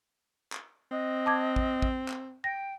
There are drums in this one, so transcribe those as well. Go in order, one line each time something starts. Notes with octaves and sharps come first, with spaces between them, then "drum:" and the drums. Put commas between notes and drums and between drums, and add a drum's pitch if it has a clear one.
drum: clap
C4 D#5 D#6 F#6
A5 D6 G#6
drum: kick
drum: kick
drum: clap
G5 A#6